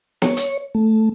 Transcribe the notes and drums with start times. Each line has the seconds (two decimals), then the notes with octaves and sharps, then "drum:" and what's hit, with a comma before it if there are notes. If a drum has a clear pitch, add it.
0.22 C#5, drum: snare
0.37 drum: hi-hat
0.75 A3